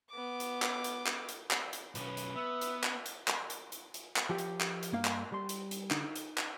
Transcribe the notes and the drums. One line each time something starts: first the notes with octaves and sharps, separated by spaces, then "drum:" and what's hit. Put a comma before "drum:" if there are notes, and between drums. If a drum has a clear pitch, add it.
B3 D6
drum: hi-hat
drum: clap
drum: hi-hat
drum: clap
drum: hi-hat
drum: clap
drum: hi-hat
B1 C#4 B4, drum: hi-hat
drum: hi-hat
B3 E5
drum: hi-hat
drum: clap
drum: hi-hat
drum: clap
drum: hi-hat
drum: hi-hat
drum: hi-hat
drum: clap
F3 G4
drum: hi-hat
drum: clap
drum: hi-hat
G2 A#3 F5
drum: clap
G3 C6
drum: hi-hat
drum: hi-hat
D3 D#4, drum: clap
D#4
drum: hi-hat
drum: clap